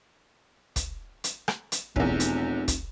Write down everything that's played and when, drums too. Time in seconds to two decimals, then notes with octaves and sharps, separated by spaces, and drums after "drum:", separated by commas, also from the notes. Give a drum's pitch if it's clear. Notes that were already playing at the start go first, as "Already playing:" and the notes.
0.76 drum: kick, hi-hat
1.24 drum: hi-hat
1.48 drum: rim click
1.72 drum: hi-hat
1.96 F1 B1 E2, drum: kick
2.20 drum: hi-hat
2.68 drum: kick, hi-hat